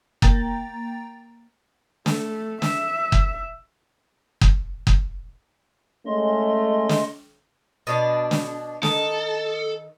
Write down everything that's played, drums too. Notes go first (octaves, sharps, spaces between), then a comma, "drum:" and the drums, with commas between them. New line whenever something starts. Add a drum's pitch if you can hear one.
A#3 G5 A#5 A6, drum: kick F#1
A3, drum: snare
E5, drum: snare
drum: kick F#1
drum: kick F#1
drum: kick F#1
G#3 A3 C#4 D#5 C6
drum: snare
B2 D4 D5
drum: snare
D#3 A4, drum: snare